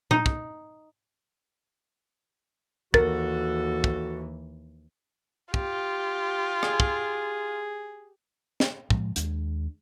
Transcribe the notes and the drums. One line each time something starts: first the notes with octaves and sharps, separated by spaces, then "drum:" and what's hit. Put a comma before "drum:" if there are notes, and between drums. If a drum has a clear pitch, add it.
D#4, drum: tom A#2
drum: kick
D#2 E3 F#4 A4 A#4 A6, drum: kick
drum: kick
F4 G4, drum: kick
G#4, drum: rim click
drum: kick
drum: snare
A2 F3 G#3, drum: kick
D#2 G#3 D4, drum: hi-hat